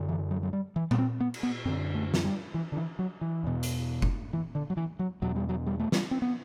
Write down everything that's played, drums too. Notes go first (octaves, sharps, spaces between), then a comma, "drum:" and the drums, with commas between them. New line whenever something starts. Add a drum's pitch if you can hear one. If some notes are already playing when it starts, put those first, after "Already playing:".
Already playing: F#2 D3
E3
F#3
F#3
G3
E3
B3, drum: tom A#2
C4
B3
drum: cymbal
B3
F#2 D3 C4
A3
F#3, drum: snare
G3
E3
D3
E3
F#3
E3
E2 B2
drum: hi-hat
drum: kick
E3
D3
F#3
E3
F#3
E2 B2 F#3
G3
F#3
G3
A3
G3, drum: snare
C4
B3